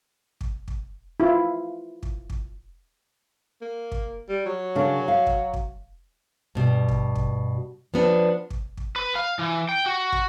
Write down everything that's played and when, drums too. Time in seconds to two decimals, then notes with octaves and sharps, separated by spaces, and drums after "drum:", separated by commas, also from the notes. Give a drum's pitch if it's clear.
0.41 drum: kick
0.68 drum: kick
1.20 E4 F4
2.03 drum: kick
2.30 drum: kick
3.61 A#3
3.92 drum: kick
4.29 G3
4.46 F#3
4.75 C#3 D4 A#4
5.08 F5
5.27 drum: kick
5.53 drum: kick
6.55 G2 B2
6.88 drum: kick
7.15 drum: kick
7.94 F3 B3 D4
8.50 drum: kick
8.77 drum: kick
8.96 B4
9.15 F5
9.39 E3
9.69 G5
9.86 F#4
10.12 drum: kick